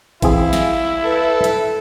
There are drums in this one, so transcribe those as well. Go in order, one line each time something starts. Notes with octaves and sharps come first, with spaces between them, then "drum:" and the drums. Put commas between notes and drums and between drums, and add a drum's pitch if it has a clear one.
E3 C4 E4 G#4 F5, drum: kick G#1, hi-hat
drum: snare
A4 B4
drum: hi-hat